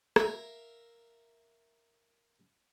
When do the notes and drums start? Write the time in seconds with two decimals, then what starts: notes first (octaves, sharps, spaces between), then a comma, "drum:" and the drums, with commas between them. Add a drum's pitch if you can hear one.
0.16 A#4 E5 F5 A#5, drum: rim click